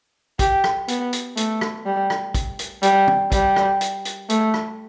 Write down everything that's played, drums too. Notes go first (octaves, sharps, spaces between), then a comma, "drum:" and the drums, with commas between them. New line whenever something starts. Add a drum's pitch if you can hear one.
G4, drum: kick, hi-hat
drum: rim click
B3, drum: hi-hat
drum: hi-hat
A3, drum: hi-hat
drum: rim click
G3
drum: rim click
drum: kick, hi-hat
drum: hi-hat
G3, drum: hi-hat
drum: tom
G3, drum: kick, hi-hat
drum: rim click
drum: hi-hat
drum: hi-hat
A3, drum: hi-hat
drum: rim click